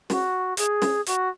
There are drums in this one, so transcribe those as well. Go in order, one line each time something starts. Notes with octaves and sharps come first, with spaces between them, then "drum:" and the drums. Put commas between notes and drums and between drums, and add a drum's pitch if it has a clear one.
F#4, drum: snare
G#4, drum: hi-hat
drum: snare
F#4, drum: hi-hat